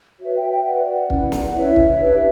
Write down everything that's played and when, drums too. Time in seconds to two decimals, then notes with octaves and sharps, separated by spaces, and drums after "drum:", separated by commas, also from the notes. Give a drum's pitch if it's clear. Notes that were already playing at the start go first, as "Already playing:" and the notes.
0.21 F#4 B4 C#5 E5
0.35 E5 G5
0.50 E5 G5
0.65 F#4 B4 D5 F#5
1.10 C#4 E4 B4, drum: kick
1.32 drum: snare
1.54 C#4 E4 B4 C#5 E5
1.76 drum: kick
1.99 D4 G4 B4